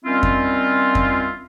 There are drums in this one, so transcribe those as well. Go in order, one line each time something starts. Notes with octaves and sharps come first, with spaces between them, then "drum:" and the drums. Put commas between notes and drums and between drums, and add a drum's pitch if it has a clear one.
D#3 G3 C4 C#4 E4 F4
drum: kick F2
drum: kick F2